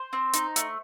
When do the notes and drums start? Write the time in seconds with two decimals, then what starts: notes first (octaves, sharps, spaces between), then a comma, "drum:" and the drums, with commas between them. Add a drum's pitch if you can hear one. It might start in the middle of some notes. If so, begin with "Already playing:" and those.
Already playing: C5
0.13 C4
0.33 D#4, drum: hi-hat
0.56 A3, drum: hi-hat